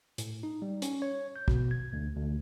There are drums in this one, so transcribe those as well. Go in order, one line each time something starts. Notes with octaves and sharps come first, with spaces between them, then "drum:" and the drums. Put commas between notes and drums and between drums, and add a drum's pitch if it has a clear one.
A2, drum: hi-hat
D#4
G3
C#4, drum: hi-hat
C#5
G6
B2, drum: kick
G#6
D2
D2